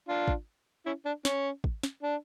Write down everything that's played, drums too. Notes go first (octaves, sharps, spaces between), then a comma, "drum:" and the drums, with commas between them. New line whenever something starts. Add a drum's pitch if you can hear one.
D4 F4
drum: kick
C#4 E4
D4
C#4, drum: snare
drum: kick
drum: snare
D4